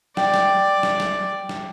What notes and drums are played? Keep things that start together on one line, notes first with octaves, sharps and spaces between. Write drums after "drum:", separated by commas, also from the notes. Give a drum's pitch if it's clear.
D5 G5, drum: snare
drum: snare
drum: snare
drum: snare
drum: snare